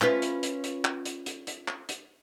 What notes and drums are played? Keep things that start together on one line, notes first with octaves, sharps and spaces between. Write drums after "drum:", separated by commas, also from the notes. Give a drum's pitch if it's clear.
C#4 F4 B4, drum: clap
drum: hi-hat
drum: hi-hat
drum: hi-hat
drum: clap
drum: hi-hat
drum: hi-hat
drum: hi-hat
drum: clap
drum: hi-hat